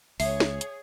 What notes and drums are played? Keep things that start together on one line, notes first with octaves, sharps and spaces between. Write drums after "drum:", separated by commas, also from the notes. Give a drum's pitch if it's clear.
C#2 G#4 C#5 E5, drum: open hi-hat
drum: snare
drum: hi-hat